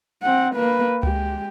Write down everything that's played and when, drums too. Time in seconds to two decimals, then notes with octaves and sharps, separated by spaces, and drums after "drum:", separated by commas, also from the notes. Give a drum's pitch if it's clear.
0.23 C4 F#5
0.55 A#3 B4
1.03 G#3 G4, drum: tom C#2